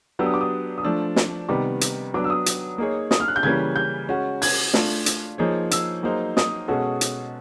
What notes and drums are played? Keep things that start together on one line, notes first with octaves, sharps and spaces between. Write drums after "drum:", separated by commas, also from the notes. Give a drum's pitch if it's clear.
F#3 B3 D4 G4 E6
D#6
D6
D#6
D#6
F3 A3 D4 E6
drum: snare
C3 D#3 G3 B3 D6
drum: hi-hat
F#3 B3 D4 D6
E6
D#6
drum: hi-hat
A#3 D#4 G#4 C#5
D#6, drum: snare
F6
F#6
G6
C#3 E3 G3 A#3 C#4 G#6
G6
G#3 C#4 F#4
G#6, drum: open hi-hat
A3 D4 F4, drum: snare
drum: hi-hat
F3 A#3 D#4 G#4 C#5
E6, drum: hi-hat
F#3 A#3 D#4 G#4 C5
D#6, drum: snare
B2 G#3 C#4 F#4 A4
drum: hi-hat